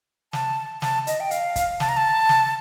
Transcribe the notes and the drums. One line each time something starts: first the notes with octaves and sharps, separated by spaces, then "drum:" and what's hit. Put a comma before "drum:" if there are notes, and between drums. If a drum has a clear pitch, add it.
A5, drum: snare
A5, drum: snare
D#5, drum: hi-hat
G5
F5, drum: hi-hat
drum: kick, hi-hat
A5, drum: snare
A#5
A5
drum: snare